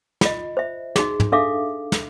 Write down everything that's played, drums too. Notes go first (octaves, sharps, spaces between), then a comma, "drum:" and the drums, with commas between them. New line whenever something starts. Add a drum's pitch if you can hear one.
F4 D#5, drum: snare
C5 E5
D#4 F#4 G#4, drum: snare
drum: tom
D4 A4 E5 F5 D6
drum: snare